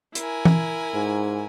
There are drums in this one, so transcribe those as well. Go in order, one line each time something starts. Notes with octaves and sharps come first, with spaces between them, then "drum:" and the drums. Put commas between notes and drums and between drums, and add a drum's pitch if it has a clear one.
E4 A#4 G#5, drum: hi-hat
drum: tom E3
G#2